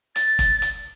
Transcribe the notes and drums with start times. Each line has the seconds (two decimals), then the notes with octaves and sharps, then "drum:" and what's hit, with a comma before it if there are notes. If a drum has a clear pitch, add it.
0.16 A6, drum: hi-hat
0.39 drum: kick, hi-hat
0.62 drum: hi-hat